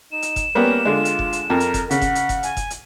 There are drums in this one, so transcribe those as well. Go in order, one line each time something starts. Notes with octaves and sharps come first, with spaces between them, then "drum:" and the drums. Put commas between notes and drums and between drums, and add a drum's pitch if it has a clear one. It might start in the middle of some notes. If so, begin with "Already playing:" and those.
D#4 E7
drum: hi-hat
drum: kick F1, hi-hat
G3 A#3 B3 C#4
D3 G#3 F4
drum: hi-hat
drum: kick F1
drum: hi-hat
F2 A#4
drum: hi-hat
drum: kick F1, hi-hat
C#3 F#5 B6, drum: hi-hat
drum: kick F1, hi-hat
drum: hi-hat
drum: kick F1, hi-hat
G#5, drum: hi-hat
drum: kick F1, hi-hat
drum: hi-hat